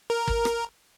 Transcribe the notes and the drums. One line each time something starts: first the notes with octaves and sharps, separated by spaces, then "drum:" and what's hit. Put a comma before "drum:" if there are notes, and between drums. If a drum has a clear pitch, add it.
A#4
drum: kick
drum: rim click